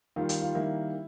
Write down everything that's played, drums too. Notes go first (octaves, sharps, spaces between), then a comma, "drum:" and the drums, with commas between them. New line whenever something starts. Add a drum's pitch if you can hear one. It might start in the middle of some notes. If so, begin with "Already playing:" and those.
D#3 G3 A#3 F4
F4, drum: hi-hat
F4
D#3 G3 A#3 E4